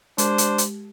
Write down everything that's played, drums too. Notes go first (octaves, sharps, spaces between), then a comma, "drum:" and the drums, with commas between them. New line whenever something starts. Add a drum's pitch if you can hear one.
G#3 D4 G4 C5, drum: hi-hat
drum: hi-hat
drum: hi-hat